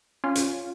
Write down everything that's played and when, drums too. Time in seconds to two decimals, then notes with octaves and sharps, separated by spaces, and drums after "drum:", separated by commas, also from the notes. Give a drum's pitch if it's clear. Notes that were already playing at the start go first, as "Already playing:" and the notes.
0.24 C#4 F4
0.35 drum: hi-hat